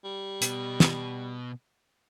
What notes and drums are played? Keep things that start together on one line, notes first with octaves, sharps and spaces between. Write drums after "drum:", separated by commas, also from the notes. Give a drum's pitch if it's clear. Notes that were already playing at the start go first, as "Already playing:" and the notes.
G3
B2, drum: hi-hat
drum: snare